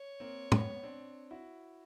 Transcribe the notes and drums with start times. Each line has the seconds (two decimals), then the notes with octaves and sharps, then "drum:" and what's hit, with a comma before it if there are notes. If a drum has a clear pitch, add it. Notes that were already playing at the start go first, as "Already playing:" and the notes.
Already playing: C#5
0.20 A#3 C4
0.52 B3 C#4, drum: tom
0.83 C4 D4
1.31 E4 F#4